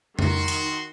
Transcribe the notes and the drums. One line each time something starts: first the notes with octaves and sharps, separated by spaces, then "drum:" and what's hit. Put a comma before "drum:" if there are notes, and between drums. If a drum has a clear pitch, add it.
D#3 F#4 C6, drum: tom F2
drum: hi-hat